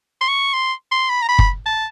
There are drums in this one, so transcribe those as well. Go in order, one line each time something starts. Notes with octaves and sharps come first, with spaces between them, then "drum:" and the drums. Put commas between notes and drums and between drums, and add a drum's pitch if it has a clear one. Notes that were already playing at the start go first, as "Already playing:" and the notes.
C6
C#6
C6
C6
B5
A#5
B5
drum: kick F#1
A5